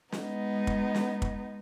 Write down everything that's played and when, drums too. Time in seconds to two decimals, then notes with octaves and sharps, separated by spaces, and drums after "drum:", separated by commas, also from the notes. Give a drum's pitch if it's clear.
0.12 G#3 B3 D#4, drum: snare
0.67 drum: kick
0.94 drum: snare
1.22 drum: kick